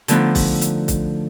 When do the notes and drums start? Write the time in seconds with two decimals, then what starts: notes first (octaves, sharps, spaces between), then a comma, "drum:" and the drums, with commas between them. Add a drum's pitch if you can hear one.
0.08 D3 F3 A3 B3 D#4, drum: hi-hat
0.35 drum: kick, open hi-hat
0.61 drum: hi-hat
0.88 drum: kick, hi-hat